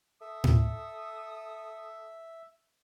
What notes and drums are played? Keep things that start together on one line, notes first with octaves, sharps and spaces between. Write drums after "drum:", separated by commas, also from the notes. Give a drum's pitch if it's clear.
A4 E5 D#6
drum: tom A2